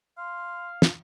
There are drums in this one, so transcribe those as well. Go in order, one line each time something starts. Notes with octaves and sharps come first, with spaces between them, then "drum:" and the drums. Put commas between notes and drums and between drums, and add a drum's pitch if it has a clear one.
F5 C6
drum: snare